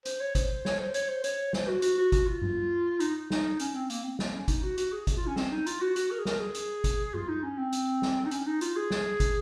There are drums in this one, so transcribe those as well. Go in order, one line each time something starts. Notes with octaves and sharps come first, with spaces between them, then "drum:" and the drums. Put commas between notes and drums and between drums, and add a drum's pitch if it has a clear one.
C5, drum: hi-hat
C#5
C5, drum: kick, hi-hat
C#5, drum: snare
C5
C#5, drum: hi-hat
C5
C#5, drum: hi-hat
C5, drum: snare
F#4
F#4, drum: hi-hat
F#4
F#4, drum: kick, hi-hat
F4
drum: tom G2
D#4, drum: hi-hat
D#4, drum: snare
C#4, drum: hi-hat
C4
A#3, drum: hi-hat
C4
A#3, drum: snare
C#4
D#4, drum: kick, hi-hat
F#4
F#4, drum: hi-hat
G#4
drum: kick, hi-hat
F4
C#4
C4, drum: snare
D#4
F4, drum: hi-hat
F#4
F#4, drum: hi-hat
A#4
G#4
A#4, drum: snare
G#4
drum: hi-hat
drum: kick, hi-hat
F4, drum: tom G2
D#4
C#4
C4
drum: hi-hat
drum: snare
D#4
C#4, drum: hi-hat
D#4
F4, drum: hi-hat
G#4
drum: snare
drum: kick, hi-hat